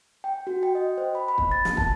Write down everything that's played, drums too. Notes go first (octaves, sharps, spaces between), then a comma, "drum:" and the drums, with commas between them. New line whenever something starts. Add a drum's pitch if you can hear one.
G5
F#4
G5
D#5
C5
B5
B5
drum: kick
A6
drum: snare
A5, drum: kick